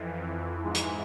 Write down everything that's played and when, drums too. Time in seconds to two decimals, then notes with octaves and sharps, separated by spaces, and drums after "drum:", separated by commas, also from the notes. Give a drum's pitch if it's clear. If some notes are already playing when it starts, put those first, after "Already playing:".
Already playing: F2 E3
0.63 G#2 E3 G#3
0.75 drum: hi-hat